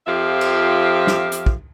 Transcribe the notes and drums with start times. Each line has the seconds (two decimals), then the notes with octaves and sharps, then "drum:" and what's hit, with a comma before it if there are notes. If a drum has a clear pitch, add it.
0.07 F2 F3 G4 E5 F5
0.41 drum: cymbal
1.07 drum: snare
1.32 drum: hi-hat
1.46 drum: kick